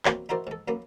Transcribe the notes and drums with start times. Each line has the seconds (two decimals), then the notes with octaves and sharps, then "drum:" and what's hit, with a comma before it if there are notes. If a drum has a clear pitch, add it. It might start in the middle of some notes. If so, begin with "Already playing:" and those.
0.05 B2 F#3 A#3 C4 B4, drum: clap
0.29 D#4 E4 F#4 A#4 C5 D5
0.47 G#2 A4
0.68 F#2 A#3 B3